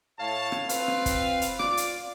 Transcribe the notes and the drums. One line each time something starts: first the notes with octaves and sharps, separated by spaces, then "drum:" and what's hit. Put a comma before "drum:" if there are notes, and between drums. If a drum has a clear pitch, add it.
A2 C#5 F5 A5
drum: rim click
C4 F4 B4 F5, drum: hi-hat
drum: rim click
drum: kick, hi-hat
drum: hi-hat
F4 D5 D6, drum: rim click
drum: hi-hat